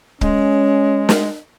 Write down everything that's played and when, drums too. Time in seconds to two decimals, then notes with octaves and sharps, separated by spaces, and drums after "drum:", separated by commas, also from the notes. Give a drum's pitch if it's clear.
0.21 G#3 C#4, drum: kick
1.09 drum: snare